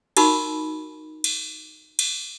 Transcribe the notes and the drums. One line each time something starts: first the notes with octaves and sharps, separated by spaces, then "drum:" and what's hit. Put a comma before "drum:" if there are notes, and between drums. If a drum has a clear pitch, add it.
D#4 F#4 A#4 B5 C#6, drum: cymbal
drum: cymbal
drum: cymbal